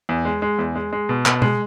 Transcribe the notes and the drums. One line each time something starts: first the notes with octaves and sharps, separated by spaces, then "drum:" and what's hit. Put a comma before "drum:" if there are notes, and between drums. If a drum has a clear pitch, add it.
E2
G#3
G#3
E2
G#3
G#3
B2
B2, drum: clap
G#3, drum: tom B2